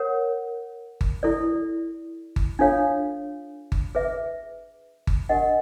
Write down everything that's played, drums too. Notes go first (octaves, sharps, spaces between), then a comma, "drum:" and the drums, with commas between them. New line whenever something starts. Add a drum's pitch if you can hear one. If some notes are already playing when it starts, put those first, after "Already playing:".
Already playing: A#4 C#5 F#5
drum: kick G1
E4 A4 D5
drum: kick G1
D4 F4 A4 C#5 F5
drum: kick G1
G#4 B4 E5
drum: kick G1
D4 G4 A#4 D#5 F#5